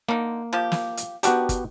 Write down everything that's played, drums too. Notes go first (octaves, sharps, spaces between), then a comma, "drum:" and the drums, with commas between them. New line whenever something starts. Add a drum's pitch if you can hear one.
D3 A#3 D#4
F3 G4
drum: snare
drum: hi-hat
D#3 B3 D4 F#4 G4, drum: hi-hat
drum: kick, hi-hat